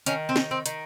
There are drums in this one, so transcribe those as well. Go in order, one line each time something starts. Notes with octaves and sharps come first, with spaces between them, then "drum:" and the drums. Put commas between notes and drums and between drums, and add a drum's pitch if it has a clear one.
D#3 C#4, drum: hi-hat
C4
D#3, drum: snare
C4
D#3, drum: hi-hat